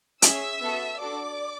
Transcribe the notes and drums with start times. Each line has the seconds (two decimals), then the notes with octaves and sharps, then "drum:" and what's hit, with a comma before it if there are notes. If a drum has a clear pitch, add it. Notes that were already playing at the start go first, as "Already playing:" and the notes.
0.22 C#4 G#4 E5 E6, drum: hi-hat
0.61 B3 F#4 A4
1.00 D4 F#4 A4 D5 D6